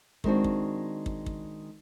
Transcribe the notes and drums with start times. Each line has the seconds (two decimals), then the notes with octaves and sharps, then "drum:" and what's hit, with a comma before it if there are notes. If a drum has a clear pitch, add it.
0.24 D#3 G#3 C4 D4 F#4, drum: kick
0.44 drum: kick
1.06 drum: kick
1.26 drum: kick